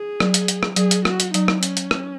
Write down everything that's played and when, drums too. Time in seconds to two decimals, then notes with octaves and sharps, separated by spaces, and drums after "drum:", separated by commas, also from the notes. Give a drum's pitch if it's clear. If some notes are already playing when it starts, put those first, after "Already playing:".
Already playing: G#4
0.20 F#3, drum: rim click
0.34 drum: hi-hat
0.48 drum: hi-hat
0.63 drum: rim click
0.76 F#3 G#4, drum: hi-hat
0.91 drum: hi-hat
1.05 F#4, drum: rim click
1.20 drum: hi-hat
1.34 F#3 D#4, drum: hi-hat
1.48 drum: rim click
1.63 C#4, drum: hi-hat
1.77 drum: hi-hat
1.91 drum: rim click